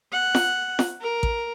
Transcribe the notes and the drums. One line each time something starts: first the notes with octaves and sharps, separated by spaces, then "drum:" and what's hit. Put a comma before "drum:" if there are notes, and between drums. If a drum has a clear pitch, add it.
F#5
drum: snare F4
drum: snare F4
A#4
drum: kick A1